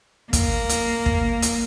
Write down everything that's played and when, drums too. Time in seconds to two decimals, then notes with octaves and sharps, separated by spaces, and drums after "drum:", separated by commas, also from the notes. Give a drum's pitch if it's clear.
0.33 A#3, drum: kick, hi-hat
0.69 drum: hi-hat
1.06 drum: kick
1.42 drum: hi-hat